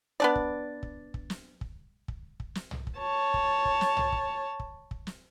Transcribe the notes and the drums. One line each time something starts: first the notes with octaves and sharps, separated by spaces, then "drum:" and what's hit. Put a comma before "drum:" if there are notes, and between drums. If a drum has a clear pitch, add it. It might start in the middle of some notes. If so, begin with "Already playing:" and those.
B3 D4 D5
drum: kick
drum: kick
drum: kick
drum: snare
drum: kick
drum: kick
drum: kick
drum: snare
drum: tom
drum: kick
C#5 A5
drum: kick
drum: kick
drum: snare
drum: tom
drum: kick
drum: kick
drum: kick
drum: snare